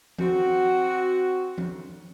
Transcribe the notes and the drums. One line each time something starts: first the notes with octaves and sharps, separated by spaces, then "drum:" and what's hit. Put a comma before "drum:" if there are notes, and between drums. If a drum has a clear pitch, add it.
C4 F#4, drum: tom F3
drum: tom F3